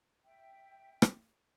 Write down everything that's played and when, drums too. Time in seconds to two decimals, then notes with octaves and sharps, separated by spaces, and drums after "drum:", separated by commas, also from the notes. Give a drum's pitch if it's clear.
0.25 E5 G5
1.02 drum: rim click